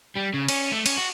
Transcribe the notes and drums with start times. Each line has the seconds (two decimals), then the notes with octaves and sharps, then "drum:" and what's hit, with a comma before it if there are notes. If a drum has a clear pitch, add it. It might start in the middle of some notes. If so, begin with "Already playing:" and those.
0.16 G3
0.34 C#3
0.48 C#4, drum: cymbal
0.72 A3
0.86 C#4, drum: cymbal
0.97 F#4